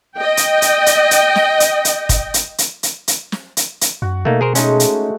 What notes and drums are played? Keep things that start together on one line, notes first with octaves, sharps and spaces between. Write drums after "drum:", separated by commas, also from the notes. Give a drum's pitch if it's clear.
D#5 G5
drum: hi-hat
drum: hi-hat
drum: hi-hat
drum: hi-hat
drum: snare
drum: hi-hat
drum: hi-hat
drum: kick, hi-hat
drum: hi-hat
drum: hi-hat
drum: hi-hat
drum: hi-hat
drum: snare
drum: hi-hat
drum: hi-hat
F#2 F#4
B2 A3 A#3 D#4
G#4 A#4 C5
G#3 A3 C#4 D#4, drum: hi-hat
drum: hi-hat